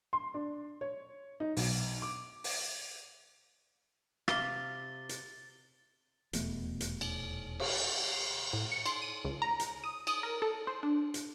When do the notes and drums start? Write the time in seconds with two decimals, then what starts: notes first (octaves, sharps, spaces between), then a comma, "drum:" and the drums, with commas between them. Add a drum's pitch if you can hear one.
0.13 C6
0.34 D4
0.81 C#5
1.40 D#4
1.57 B1, drum: open hi-hat
2.02 D6
2.44 drum: open hi-hat
4.28 C3 F5 A6 G7, drum: rim click
5.09 drum: hi-hat
6.33 D#1 E2 B2 A3, drum: hi-hat
6.80 drum: hi-hat
7.01 drum: cymbal
7.60 drum: cymbal
8.53 A2
8.72 C#7
8.86 C6, drum: cymbal
9.02 D#7
9.25 C#2
9.42 A#5
9.60 drum: hi-hat
9.84 D#6
10.07 D#6, drum: cymbal
10.23 A#4
10.42 A4
10.67 C5
10.83 D4
11.14 drum: hi-hat